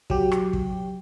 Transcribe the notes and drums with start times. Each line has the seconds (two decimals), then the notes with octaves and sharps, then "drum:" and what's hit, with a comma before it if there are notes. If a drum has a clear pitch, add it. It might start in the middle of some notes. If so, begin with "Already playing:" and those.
0.10 F#3 G4, drum: kick
0.32 drum: rim click
0.53 drum: kick